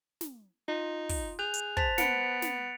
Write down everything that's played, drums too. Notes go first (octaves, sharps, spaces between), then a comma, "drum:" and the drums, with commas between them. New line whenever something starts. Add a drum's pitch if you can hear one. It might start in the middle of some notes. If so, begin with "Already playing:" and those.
drum: snare
D#4 F4
drum: kick, open hi-hat
G#4 F#6 G6 F7
drum: hi-hat
C5 A5 A6 B6 F7, drum: kick
B3 C#7 D7, drum: snare
drum: snare